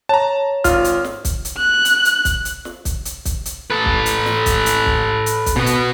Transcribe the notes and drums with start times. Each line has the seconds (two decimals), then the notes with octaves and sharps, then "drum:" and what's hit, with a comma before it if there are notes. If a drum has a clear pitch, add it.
0.09 C#5 A5 A#5
0.64 G#1 F4 F6, drum: kick, hi-hat
0.84 drum: hi-hat
1.05 drum: snare
1.25 drum: kick, hi-hat
1.45 drum: hi-hat
1.58 F#6
1.85 drum: hi-hat
2.05 drum: hi-hat
2.25 drum: kick, hi-hat
2.45 drum: hi-hat
2.65 drum: snare
2.85 drum: kick, hi-hat
3.05 drum: hi-hat
3.25 drum: kick, hi-hat
3.45 drum: hi-hat
3.70 A4 B4
3.86 drum: kick
4.06 drum: hi-hat
4.26 drum: snare
4.46 drum: kick, hi-hat
4.66 drum: hi-hat
4.86 drum: kick
5.26 drum: hi-hat
5.46 drum: kick, hi-hat
5.56 B2 B3
5.66 drum: hi-hat